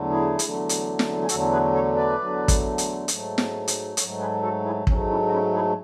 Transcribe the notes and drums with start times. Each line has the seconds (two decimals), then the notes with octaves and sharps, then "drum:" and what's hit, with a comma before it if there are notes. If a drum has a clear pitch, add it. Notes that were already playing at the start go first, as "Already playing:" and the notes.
Already playing: E2 D3 F#3 A3
0.10 E4 G#4
0.39 E2 D3 F#3 A3, drum: hi-hat
0.69 drum: hi-hat
0.99 drum: snare
1.21 G#4
1.29 E2 D3 F#3 A3 F#4 A4, drum: hi-hat
1.51 G#4 B4
1.73 A4 C#5
1.96 B4 D5
2.19 E2 D3 F#3 A3
2.48 drum: kick, hi-hat
2.78 drum: hi-hat
3.08 G#2 F#3 A3, drum: hi-hat
3.38 drum: snare
3.68 drum: hi-hat
3.97 G#2 F#3 A3 A4 C#5, drum: hi-hat
4.20 G#4 B4
4.42 F#4 A4
4.65 E4 G#4
4.87 G#2 F#3 A3 C#4, drum: kick
5.09 C#4 E4
5.27 F#4
5.31 C#4 E4
5.54 E4 G#4